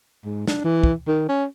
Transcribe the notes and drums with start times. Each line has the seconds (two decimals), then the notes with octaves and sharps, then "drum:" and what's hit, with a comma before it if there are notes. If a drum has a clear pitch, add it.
0.25 G#2
0.47 D4, drum: snare
0.64 E3
0.83 drum: kick
1.07 D#3
1.29 C#4